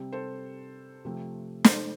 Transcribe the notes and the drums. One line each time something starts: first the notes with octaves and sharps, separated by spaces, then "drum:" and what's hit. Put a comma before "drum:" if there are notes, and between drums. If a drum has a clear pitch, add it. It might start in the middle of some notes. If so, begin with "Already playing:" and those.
Already playing: C3 G3 C4
A4 C5
C3 F3 A3 C4
A4 C5, drum: snare